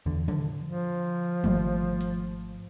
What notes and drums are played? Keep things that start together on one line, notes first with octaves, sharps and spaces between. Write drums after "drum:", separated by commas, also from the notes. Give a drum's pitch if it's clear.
E2 D3
D3, drum: tom
F3
G#1 G3 A3, drum: tom
drum: hi-hat